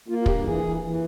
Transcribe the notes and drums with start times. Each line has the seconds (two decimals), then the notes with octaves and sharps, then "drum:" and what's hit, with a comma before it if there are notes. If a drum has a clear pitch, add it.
0.08 A#3 F4
0.22 F4
0.26 G2 G4, drum: kick
0.44 E3 G#4
0.63 E3
0.81 E3